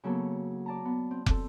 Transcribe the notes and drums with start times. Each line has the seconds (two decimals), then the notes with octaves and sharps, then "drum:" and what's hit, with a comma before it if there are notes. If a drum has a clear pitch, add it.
0.04 C#3 F#3 A#3 B3 A4
0.66 D5 A5 A#5
0.85 B3
1.11 C4
1.26 C4 A4, drum: kick